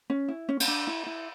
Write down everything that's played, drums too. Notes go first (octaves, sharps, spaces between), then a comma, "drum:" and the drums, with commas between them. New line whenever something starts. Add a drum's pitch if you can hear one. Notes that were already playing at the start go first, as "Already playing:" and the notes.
C#4
E4
C#4
C#4, drum: cymbal
D4
E4
E4